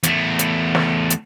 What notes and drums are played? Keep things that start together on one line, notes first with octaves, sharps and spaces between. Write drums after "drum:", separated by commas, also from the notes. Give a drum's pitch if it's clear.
E2 A3, drum: hi-hat
drum: hi-hat
drum: snare
drum: hi-hat